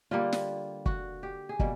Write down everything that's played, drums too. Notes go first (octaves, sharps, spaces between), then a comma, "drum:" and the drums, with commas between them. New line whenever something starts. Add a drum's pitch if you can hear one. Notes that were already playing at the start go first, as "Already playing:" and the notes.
D3 G3 A#3 F4
drum: snare
F#4, drum: kick
G4
G#4
B2 G3 A#3, drum: kick